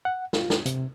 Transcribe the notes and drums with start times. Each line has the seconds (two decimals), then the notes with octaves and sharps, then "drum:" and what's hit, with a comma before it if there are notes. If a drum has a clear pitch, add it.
0.05 F#5
0.33 F4, drum: snare
0.50 drum: snare
0.66 C3, drum: hi-hat